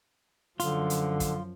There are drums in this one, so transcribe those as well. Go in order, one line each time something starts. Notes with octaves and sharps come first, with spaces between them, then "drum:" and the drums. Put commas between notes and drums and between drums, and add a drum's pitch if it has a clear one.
F#2 D3 F3 F4, drum: hi-hat
drum: hi-hat
drum: kick, hi-hat